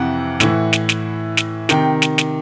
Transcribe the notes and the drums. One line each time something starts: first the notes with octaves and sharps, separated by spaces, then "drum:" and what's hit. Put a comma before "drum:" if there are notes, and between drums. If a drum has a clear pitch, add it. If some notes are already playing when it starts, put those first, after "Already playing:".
Already playing: F2 C3 E3 F#5
A2 E3, drum: snare
drum: snare
drum: snare
drum: snare
C3 D#3 G5, drum: snare
drum: snare
drum: snare